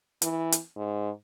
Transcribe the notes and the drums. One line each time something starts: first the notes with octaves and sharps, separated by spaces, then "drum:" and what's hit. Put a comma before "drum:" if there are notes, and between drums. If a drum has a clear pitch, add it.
E3, drum: hi-hat
drum: hi-hat
G#2